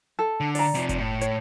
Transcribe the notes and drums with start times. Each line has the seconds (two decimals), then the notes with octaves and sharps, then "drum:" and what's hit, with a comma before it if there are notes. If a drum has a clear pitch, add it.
0.19 A4
0.40 D3
0.55 D5 A#5, drum: open hi-hat
0.75 C3 F3, drum: hi-hat
0.89 drum: kick F#1, hi-hat
0.99 A2
1.21 C#5, drum: hi-hat